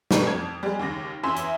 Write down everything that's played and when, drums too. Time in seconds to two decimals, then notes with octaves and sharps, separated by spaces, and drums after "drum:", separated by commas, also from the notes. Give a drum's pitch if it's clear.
0.11 B2 A3 G4 B4, drum: snare
0.26 F2 G#6
0.63 G3 G#3
0.79 D#2 C#3 D6 A#6
1.23 E2 C#4 E4 E5 C6
1.37 drum: hi-hat